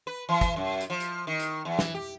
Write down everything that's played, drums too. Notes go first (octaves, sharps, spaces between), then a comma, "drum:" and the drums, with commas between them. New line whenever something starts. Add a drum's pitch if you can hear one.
B4
E3
drum: kick, hi-hat
F#2
drum: hi-hat
F3
drum: hi-hat
D#3
drum: hi-hat
E2
E3, drum: snare
G4